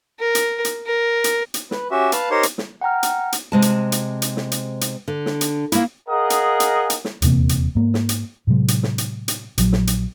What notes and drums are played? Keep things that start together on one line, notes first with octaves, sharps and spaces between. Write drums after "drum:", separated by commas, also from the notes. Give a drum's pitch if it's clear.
A#4
drum: hi-hat
drum: hi-hat
A#4
drum: hi-hat
drum: hi-hat
B4, drum: snare
C#4 F#4 G4 E5
B4 F5 A5, drum: hi-hat
D#4 G4 A#4 C5 C#5 C6
drum: hi-hat
drum: snare
F#5 G5 A#5 F6
drum: hi-hat
drum: hi-hat
C3 G#3 A5
drum: hi-hat
drum: hi-hat
drum: hi-hat
drum: snare
drum: hi-hat
drum: hi-hat
D3
drum: snare
drum: hi-hat
A#3 E4, drum: hi-hat
G#4 A#4 D#5 F5 F#5
drum: hi-hat
drum: hi-hat
drum: hi-hat
drum: snare
D#1 E2 C3 A#3, drum: hi-hat
drum: hi-hat
G#2 A#3
drum: snare
drum: hi-hat
A2 C3 F#3 G#3
drum: hi-hat
drum: snare
drum: hi-hat
drum: hi-hat
A#1 F#3, drum: hi-hat
drum: snare
drum: hi-hat